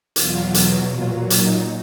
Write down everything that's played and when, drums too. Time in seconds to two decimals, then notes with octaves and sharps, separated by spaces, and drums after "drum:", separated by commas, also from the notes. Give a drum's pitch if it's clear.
0.16 E2 B2 F#3 F4, drum: hi-hat
0.54 drum: hi-hat
0.92 A#2 F#3 F4
1.30 D#4, drum: hi-hat